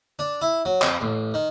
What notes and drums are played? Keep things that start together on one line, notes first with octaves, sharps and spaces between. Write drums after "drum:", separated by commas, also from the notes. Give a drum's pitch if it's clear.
D4
E4
F#3
F2, drum: clap
A1
D#3